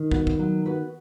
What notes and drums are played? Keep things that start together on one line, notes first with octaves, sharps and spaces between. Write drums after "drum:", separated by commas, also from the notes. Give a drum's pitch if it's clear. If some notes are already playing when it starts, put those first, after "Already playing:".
Already playing: D#3
B3 F#4 B4, drum: kick
drum: kick
F#3
B3 F#4 B4